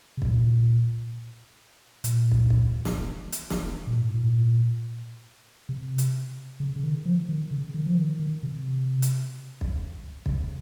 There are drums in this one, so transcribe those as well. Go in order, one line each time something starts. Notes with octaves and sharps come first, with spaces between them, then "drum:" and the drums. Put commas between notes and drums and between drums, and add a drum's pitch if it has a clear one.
C3
A#2, drum: kick
A#2, drum: hi-hat
drum: kick
drum: kick
drum: snare
drum: hi-hat
drum: snare
A#2
G#2
A#2
C3
drum: hi-hat
C#3
C#3
D#3
F3
D#3
C#3
D#3
F3
D#3
D#3
C3
drum: hi-hat
drum: kick
C#3, drum: kick